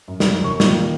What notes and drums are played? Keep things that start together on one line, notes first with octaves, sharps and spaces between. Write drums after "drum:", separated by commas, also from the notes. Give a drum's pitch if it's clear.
F#2
drum: snare
E1 C#6
A#2 D#3, drum: snare